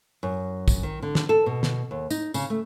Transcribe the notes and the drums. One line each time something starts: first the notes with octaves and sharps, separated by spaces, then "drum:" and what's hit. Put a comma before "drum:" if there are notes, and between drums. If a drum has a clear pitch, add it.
F#2
drum: kick, tambourine
D#3
D3
drum: snare
A4
B2
drum: snare
D#2
D#4, drum: tambourine
C#3, drum: tambourine
A3